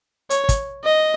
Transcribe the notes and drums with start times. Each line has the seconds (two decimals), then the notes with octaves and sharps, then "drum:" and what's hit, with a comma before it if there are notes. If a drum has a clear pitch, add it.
0.30 C#5, drum: hi-hat
0.49 drum: kick, hi-hat
0.84 D#5